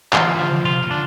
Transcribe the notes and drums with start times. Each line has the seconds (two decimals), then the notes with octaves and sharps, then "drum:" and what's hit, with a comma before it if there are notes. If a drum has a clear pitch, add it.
0.13 E3 F4, drum: clap
0.39 D3 F3
0.65 C3 F4
0.91 D3 D4